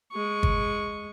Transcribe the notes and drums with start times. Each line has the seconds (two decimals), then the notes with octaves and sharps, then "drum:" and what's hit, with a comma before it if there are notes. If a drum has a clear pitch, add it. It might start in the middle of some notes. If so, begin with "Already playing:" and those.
0.12 G#3 C#6
0.43 drum: kick